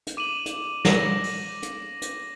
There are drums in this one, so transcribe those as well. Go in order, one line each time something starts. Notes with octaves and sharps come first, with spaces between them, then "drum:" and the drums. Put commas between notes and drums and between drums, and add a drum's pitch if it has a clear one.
drum: hi-hat
D6 D#7 E7 F#7
drum: hi-hat
A#6, drum: snare
drum: open hi-hat
drum: hi-hat
drum: hi-hat